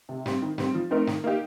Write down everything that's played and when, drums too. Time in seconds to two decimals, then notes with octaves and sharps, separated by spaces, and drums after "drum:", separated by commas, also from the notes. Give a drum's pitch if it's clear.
0.09 C3
0.26 G3 C4, drum: snare
0.42 D#3
0.58 G3 C4, drum: snare
0.75 F3
0.91 A3 C4 D#4 A#4
1.07 D#3, drum: snare
1.24 A#3 D#4 G4